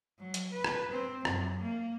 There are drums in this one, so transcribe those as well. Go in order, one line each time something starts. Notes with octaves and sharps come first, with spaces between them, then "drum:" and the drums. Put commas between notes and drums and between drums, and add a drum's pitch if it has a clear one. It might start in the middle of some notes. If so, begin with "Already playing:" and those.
F#3
drum: hi-hat
B4
drum: rim click
C4
F#2, drum: rim click
A#3